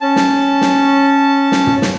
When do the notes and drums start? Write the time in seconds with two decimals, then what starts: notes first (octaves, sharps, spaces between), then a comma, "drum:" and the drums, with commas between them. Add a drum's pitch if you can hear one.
0.01 C#4 A5
0.16 drum: snare
0.61 drum: snare
1.52 drum: snare
1.67 drum: tom
1.82 drum: snare